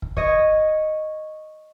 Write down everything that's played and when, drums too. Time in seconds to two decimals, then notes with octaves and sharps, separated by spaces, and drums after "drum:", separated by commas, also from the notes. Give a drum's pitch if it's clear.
0.02 drum: kick
0.17 C#5 D#5, drum: kick